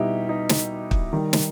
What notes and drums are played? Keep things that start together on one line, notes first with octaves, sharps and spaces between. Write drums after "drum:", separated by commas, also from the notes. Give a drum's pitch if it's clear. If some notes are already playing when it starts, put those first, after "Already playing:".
Already playing: B2 G3 D#4 E4 G4
D#4
drum: snare
drum: kick
D#3 G3
drum: snare